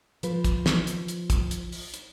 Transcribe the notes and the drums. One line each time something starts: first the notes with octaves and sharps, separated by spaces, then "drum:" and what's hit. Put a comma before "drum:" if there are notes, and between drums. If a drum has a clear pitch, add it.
F3 B4, drum: hi-hat
drum: kick, hi-hat
drum: snare
drum: hi-hat
drum: hi-hat
drum: kick, hi-hat
drum: hi-hat
drum: open hi-hat
drum: hi-hat